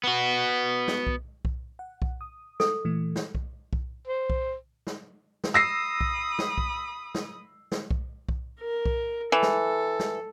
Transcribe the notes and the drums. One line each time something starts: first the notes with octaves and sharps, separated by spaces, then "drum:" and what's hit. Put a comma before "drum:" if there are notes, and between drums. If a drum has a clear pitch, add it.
B3 F#4
drum: snare
drum: kick B1
drum: kick B1
F#5
drum: kick B1
D#6
A4, drum: snare
A#2 E3 A3
drum: snare
drum: kick B1
drum: kick B1
C5
drum: kick B1
drum: snare
drum: snare
B5 D#6 E6 A#6 C7
drum: kick B1
drum: snare
drum: kick B1
drum: snare
drum: snare
drum: kick B1
drum: kick B1
A#4
drum: kick B1
E3 A4
drum: snare
drum: snare